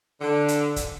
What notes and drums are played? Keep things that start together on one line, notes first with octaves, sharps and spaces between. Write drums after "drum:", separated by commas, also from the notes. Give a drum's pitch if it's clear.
D3
drum: hi-hat
drum: kick D#1, hi-hat